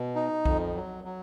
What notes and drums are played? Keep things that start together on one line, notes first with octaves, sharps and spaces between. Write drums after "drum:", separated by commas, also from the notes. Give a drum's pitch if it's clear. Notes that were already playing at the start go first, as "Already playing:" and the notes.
Already playing: B2
D#4
F2, drum: kick B1
F#3
F#3